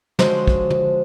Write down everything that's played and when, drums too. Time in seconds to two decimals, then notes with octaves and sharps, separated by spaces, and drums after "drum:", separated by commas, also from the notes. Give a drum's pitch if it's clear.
0.19 D3 F3 G#3 F#4 C5 C#5, drum: snare
0.47 drum: kick
0.70 drum: tom